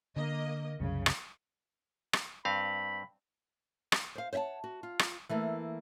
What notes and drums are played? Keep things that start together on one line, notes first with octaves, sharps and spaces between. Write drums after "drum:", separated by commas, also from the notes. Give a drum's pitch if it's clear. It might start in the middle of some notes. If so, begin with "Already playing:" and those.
D3 A#3 D#5
C2 F#2 C#3
drum: rim click
drum: rim click
G2 C4 F5 B5
drum: rim click
C5 F5
C5 C#5 E5 F#5 A5
F#4
F4
drum: rim click
E3 A3 A#3